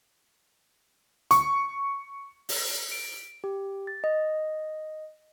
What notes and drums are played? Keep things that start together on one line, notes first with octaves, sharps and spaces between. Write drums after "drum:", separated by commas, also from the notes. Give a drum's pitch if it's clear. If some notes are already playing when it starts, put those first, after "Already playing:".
C#6, drum: hi-hat
drum: open hi-hat
D7
G4
A6
D#5